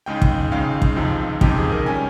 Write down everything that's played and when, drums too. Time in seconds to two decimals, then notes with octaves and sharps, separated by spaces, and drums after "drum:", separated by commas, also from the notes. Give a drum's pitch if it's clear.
0.06 C#2 C#3 G#3 D#4 G5
0.22 drum: kick
0.51 C#2 C#3 G#3 D#4 F5
0.82 drum: kick
0.96 C#2 C3 F3 C4 D#4
1.41 C#2 C3 F3 C4 D#4 G4, drum: kick
1.56 G#4
1.72 A#4
1.86 G3 C#4 G#5